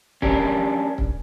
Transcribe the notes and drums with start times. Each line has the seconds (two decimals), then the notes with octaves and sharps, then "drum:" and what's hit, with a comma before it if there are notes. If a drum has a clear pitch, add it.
0.22 C#4 D4 G4 A#4, drum: kick C#1
0.98 drum: kick C#1